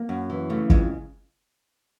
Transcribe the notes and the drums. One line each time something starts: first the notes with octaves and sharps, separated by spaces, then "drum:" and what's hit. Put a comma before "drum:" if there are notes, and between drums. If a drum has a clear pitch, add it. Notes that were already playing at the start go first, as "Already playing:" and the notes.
Already playing: A#3
F#2
E3
C#3 A3
F2 G#3, drum: kick